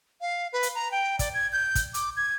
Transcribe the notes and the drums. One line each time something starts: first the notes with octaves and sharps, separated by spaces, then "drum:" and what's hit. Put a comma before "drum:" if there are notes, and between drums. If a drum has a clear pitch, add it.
F5
B4
drum: hi-hat
A#5
G5
D5, drum: kick, hi-hat
G#6
G6
drum: kick, hi-hat
D6, drum: hi-hat
G#6